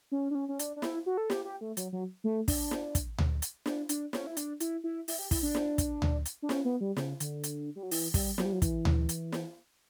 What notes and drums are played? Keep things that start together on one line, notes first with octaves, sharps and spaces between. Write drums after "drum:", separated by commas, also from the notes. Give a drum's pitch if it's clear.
C#4
D4
C#4
C#4
D4, drum: hi-hat
D4
E4, drum: snare
F#4
A4
G4, drum: snare
G4
A3
F#3, drum: hi-hat
F#3
A3
D4, drum: kick, open hi-hat
drum: snare
drum: kick, hi-hat
drum: tom D2
drum: hi-hat
D4, drum: snare
D4, drum: hi-hat
C#4, drum: snare
E4
D4, drum: hi-hat
E4, drum: hi-hat
E4
E4, drum: open hi-hat
G4
E4, drum: kick, open hi-hat
D4
drum: snare
drum: kick, hi-hat
drum: tom D2
drum: hi-hat
D4
C#4, drum: snare
B3
G3
C#3, drum: snare
D3, drum: hi-hat
drum: hi-hat
G3
F#3
E3, drum: open hi-hat
G3, drum: kick, open hi-hat
F#3, drum: snare
G3
F#3
E3, drum: kick, hi-hat
drum: tom D2
drum: hi-hat
drum: snare